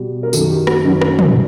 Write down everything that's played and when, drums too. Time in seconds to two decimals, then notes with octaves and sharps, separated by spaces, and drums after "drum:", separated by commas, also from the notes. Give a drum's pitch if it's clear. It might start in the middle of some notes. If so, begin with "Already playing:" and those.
Already playing: B2 G3
0.23 A#4
0.33 F#2 D#3 F#3 A4, drum: tambourine
0.50 G4
0.67 F#4, drum: rim click
0.84 F#2 D#3 F#3 C#4
1.01 drum: rim click
1.19 drum: tom